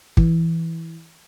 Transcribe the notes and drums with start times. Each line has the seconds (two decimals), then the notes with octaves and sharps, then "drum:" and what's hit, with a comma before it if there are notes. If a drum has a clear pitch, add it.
0.17 E3, drum: kick